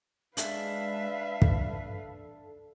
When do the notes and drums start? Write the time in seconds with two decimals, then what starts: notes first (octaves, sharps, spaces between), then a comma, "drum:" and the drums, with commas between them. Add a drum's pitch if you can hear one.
0.37 G#3 D4 B4 E5 F5, drum: hi-hat
1.42 A4, drum: kick